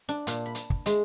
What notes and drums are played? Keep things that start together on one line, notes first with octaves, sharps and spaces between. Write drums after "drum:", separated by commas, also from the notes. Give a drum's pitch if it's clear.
D4
A#2, drum: hi-hat
B5
drum: hi-hat
drum: kick
G#3, drum: hi-hat